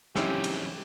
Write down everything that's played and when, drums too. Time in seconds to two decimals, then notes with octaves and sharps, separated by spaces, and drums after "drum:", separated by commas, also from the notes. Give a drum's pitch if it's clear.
0.16 G#2 C#3 E3 F#3 C4 C#4 E4 G4, drum: snare
0.44 drum: cymbal